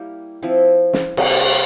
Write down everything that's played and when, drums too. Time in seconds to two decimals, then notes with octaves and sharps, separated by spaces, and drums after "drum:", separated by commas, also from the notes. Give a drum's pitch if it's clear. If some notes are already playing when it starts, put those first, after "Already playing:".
Already playing: G3 A#3 E4 G4
0.43 F3 C4 E4
0.93 drum: snare
1.17 C3 G3 A#3, drum: cymbal